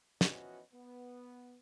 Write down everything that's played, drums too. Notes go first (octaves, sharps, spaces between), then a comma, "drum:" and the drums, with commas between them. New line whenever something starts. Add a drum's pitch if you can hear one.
E3 F3 B3 C#4 F#4 D#5, drum: snare
B3